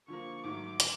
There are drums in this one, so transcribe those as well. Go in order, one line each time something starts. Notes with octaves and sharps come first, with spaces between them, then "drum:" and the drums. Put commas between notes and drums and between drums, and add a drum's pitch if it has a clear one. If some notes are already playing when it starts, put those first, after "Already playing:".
D3 F3 A#3 C#6
G#2 D#3 F#3 A3 D6
D3, drum: hi-hat